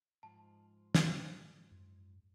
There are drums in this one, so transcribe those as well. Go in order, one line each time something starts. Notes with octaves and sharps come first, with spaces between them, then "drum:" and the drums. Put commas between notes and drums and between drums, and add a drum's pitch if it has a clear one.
G#2 F3 A5
drum: snare
F#2